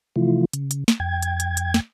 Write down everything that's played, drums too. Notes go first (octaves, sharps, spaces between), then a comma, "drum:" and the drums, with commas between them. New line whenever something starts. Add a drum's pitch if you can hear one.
C3 E3 F3 A3 E4 F4
C#3, drum: hi-hat
drum: hi-hat
drum: snare
F2 G5 G#6
drum: hi-hat
drum: hi-hat
drum: hi-hat
drum: snare